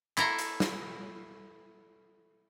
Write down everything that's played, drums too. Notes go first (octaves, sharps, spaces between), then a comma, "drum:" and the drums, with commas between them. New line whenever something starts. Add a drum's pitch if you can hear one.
E4 A4 A#5 C6, drum: clap
drum: hi-hat
drum: snare